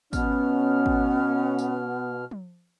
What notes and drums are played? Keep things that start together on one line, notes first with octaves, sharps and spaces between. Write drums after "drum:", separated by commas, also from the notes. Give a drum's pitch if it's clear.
B2 B3 C#4 F6, drum: kick G#1, tambourine
drum: kick G#1
drum: tambourine
drum: tom F3